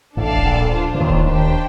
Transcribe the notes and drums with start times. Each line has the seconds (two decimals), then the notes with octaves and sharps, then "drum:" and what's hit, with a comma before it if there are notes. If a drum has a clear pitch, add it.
0.17 A1 A2 D4 A4 D5 F5 A5
0.36 drum: kick D1
0.45 A#1 A#2
0.72 D4 F4 C5
0.95 D3
1.00 D#2 D#3
1.09 drum: kick D1
1.28 D#2 D#3 D4 G4 C5 G5